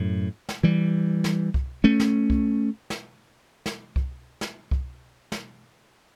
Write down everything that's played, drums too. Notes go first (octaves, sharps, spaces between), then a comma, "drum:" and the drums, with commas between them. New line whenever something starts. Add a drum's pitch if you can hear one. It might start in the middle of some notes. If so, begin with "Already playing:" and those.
Already playing: F#2 A2
drum: snare
E3 G3
drum: snare
drum: kick C2
A3 C#4
drum: snare
drum: kick C2
drum: snare
drum: snare
drum: kick C2
drum: snare
drum: kick C2
drum: snare